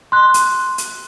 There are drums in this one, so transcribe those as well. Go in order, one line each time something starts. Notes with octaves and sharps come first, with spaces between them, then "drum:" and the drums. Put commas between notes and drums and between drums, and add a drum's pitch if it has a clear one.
C6 F#6
drum: hi-hat
drum: hi-hat